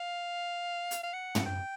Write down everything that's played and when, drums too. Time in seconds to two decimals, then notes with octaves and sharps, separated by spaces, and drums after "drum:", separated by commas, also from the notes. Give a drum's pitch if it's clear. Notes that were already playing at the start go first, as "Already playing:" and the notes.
Already playing: F5
0.91 drum: hi-hat
1.03 F5
1.13 F#5
1.35 drum: tom
1.46 G5